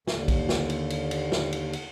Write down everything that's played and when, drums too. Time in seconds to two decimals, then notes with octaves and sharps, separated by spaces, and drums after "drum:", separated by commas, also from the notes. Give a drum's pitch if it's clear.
0.07 D#2 D3, drum: snare
0.28 drum: kick, cymbal
0.49 drum: snare
0.70 drum: cymbal
0.90 drum: cymbal
1.11 drum: cymbal
1.32 drum: snare
1.53 drum: cymbal
1.73 drum: cymbal